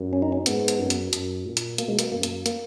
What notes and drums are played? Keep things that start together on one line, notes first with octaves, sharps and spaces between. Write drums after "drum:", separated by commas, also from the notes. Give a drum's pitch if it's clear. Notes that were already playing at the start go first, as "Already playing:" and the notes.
Already playing: F#2
C#4
D#4
C#4
G#2 B3, drum: hi-hat
drum: hi-hat
F#2
drum: hi-hat
F#2, drum: hi-hat
A#2
drum: hi-hat
B2 A#3, drum: hi-hat
G#3
A#3, drum: hi-hat
F#2 A#3
drum: hi-hat
A#3, drum: hi-hat